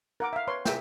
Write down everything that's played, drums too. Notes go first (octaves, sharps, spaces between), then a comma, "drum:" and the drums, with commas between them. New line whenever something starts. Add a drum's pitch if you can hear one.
A#4 F#5 D6
E5 F5
B4 C#5 C6
G#4 E5 G5, drum: snare